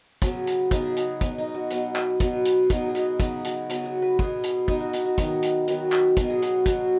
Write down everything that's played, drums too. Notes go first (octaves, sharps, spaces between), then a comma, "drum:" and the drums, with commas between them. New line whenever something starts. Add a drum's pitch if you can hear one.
C#3 F#3 B3 C#4, drum: kick, hi-hat
drum: hi-hat
C#3 F#3 B3 D#4, drum: kick, hi-hat
G#4
F#4, drum: hi-hat
B2 F#3 B3 C#4, drum: kick, hi-hat
D#4
F#4
B2 F#3 B3, drum: hi-hat
drum: clap
B2 F#3 B3, drum: kick, hi-hat
drum: hi-hat
B2 F#3 B3 D#4, drum: kick, hi-hat
G#4
F#4, drum: hi-hat
C#3 F#3 B3 D#4, drum: kick, hi-hat
F#4, drum: hi-hat
C#3 F#3 B3, drum: hi-hat
F#4
B4
B2 B3 G#4, drum: kick
drum: hi-hat
B2 B3 D#4, drum: kick
F#4
D#4, drum: hi-hat
F#4
D#3 F#3 B3 D#4, drum: kick, hi-hat
drum: hi-hat
D#3 F#3 B3 F#4, drum: hi-hat
drum: clap
B2 F#3 B3 C#4, drum: kick, hi-hat
G#4
F#4, drum: hi-hat
B2 F#3 B3 F#4, drum: kick, hi-hat